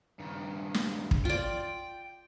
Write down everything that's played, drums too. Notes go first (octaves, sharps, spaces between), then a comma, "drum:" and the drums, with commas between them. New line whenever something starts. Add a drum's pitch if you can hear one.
G2 D#3
drum: snare
drum: kick
F4 D5 G5